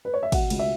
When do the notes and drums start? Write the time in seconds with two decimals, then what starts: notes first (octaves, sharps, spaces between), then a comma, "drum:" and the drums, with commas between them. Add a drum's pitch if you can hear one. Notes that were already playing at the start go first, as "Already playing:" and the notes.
0.05 B4
0.14 C#5
0.23 E5
0.32 B2 F#5, drum: kick, cymbal
0.50 C#2, drum: cymbal
0.59 E5